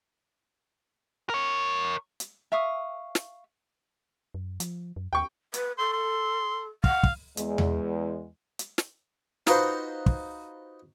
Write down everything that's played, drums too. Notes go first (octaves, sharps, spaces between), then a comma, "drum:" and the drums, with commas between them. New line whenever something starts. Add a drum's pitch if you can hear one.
A#4 C#5
drum: hi-hat
E5 F5 C#6 D#6
drum: snare
F#2
F3, drum: hi-hat
F#2
D#2 G5 C#6
B4, drum: hi-hat
A4 C6
C6
F5 F#5, drum: kick
drum: kick
E2 G#3, drum: hi-hat
drum: tom E2
drum: hi-hat
drum: snare
D#4 F4 F#4 B4 C5 F#5, drum: snare
drum: kick